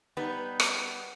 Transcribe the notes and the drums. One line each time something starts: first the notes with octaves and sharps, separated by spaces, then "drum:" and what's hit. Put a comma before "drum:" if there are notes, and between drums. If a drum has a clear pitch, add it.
G3 B3 D#4
drum: rim click